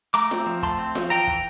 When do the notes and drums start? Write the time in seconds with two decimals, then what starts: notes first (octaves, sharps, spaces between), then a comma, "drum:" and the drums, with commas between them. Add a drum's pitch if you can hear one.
0.14 A3 A#5 D6
0.31 C4, drum: snare F4
0.46 F3
0.63 A3 A5 C6, drum: kick
0.78 C4
0.95 F3, drum: snare F4
1.10 E3 G5 A#5
1.27 E3, drum: kick